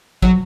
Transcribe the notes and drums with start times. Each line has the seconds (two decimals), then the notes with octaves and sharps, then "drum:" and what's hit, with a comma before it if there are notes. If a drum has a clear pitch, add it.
0.22 F#3, drum: kick